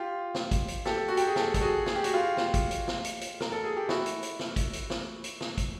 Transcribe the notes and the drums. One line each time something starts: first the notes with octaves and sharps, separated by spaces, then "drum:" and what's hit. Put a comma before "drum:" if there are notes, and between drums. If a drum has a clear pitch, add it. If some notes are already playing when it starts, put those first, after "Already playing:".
Already playing: F4 G4
drum: snare
drum: kick, hi-hat
drum: hi-hat
G4 A4, drum: snare
F#4
G4, drum: hi-hat
G#4
G4 A4, drum: snare
A4, drum: kick, hi-hat
F#4 G#4
G#4, drum: snare
G4
F#4, drum: hi-hat
F4 G4
drum: snare
drum: kick, hi-hat
drum: hi-hat
drum: snare
drum: hi-hat
drum: hi-hat
A#4, drum: snare
A4
G#4
G4
E4 F#4, drum: snare
drum: hi-hat
drum: hi-hat
drum: snare
drum: kick, hi-hat
drum: hi-hat
drum: snare
drum: hi-hat
drum: snare
drum: kick, hi-hat